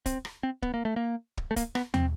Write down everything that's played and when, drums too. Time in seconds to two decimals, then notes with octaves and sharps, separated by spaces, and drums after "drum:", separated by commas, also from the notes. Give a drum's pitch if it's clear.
0.06 C4, drum: kick, hi-hat
0.25 drum: rim click
0.43 C4
0.62 B3, drum: kick
0.74 A#3
0.85 A3
0.96 A#3
1.37 drum: kick
1.51 A3
1.56 A#3, drum: kick, hi-hat
1.75 B3, drum: rim click
1.94 C4, drum: tom